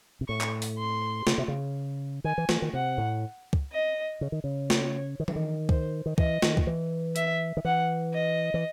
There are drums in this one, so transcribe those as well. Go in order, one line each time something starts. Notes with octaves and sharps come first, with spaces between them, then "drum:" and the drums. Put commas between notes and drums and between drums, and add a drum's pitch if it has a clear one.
C3
A2 C#6
drum: clap
drum: open hi-hat
C6
C#3, drum: snare
C3
C#3
D#3 G#5
E3
E3, drum: snare
D#3
C3 F#5
A2
drum: kick
D#5
C#3
D#3
C#3
C#5, drum: snare
D#3
E3, drum: tom E3
D#3
C5, drum: kick
D#3
E3 D#5, drum: kick
D#3, drum: snare
drum: kick
E3
E5, drum: hi-hat
D#3
E3 F#5
D#5
E3